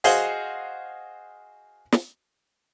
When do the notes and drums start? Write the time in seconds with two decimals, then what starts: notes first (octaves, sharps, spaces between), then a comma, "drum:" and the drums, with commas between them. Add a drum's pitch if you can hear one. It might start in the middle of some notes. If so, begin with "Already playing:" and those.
0.04 F#4 G#4 C5 D#5 F5, drum: open hi-hat
1.92 drum: snare